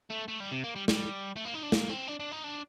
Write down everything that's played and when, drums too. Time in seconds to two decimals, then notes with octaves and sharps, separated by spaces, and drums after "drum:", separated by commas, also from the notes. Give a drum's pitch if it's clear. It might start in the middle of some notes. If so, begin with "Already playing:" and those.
0.10 A3
0.28 A3
0.40 G3
0.51 C3
0.64 A#3
0.76 G3
0.88 G3, drum: snare
1.36 A3
1.45 A#3
1.54 D#4
1.63 D4
1.72 A#3, drum: snare
1.89 C4
2.08 D4
2.20 D4
2.32 D#4
2.44 D4